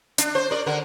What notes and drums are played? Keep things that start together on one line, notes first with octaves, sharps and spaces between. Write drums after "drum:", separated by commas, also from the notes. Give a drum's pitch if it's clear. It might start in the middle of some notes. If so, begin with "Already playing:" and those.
D4, drum: hi-hat
C5
A#4 D5
D3 A#4